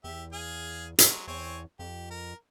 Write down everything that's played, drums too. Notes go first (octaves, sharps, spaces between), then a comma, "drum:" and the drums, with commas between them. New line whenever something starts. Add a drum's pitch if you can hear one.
E2 G4 E5
G#4 F5 G#5
F#3 G#3, drum: hi-hat
E2 C4 C#5 G#5
F2 G4
A#4